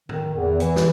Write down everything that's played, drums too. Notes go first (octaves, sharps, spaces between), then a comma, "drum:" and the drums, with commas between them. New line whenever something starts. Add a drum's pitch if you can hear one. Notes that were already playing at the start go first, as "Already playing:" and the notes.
D#3, drum: tom A2
E2
E3, drum: hi-hat
drum: snare